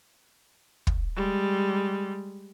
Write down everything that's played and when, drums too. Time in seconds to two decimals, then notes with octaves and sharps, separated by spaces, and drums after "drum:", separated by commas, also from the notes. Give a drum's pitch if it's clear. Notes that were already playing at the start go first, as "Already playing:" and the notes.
0.87 drum: kick
1.16 G3 G#3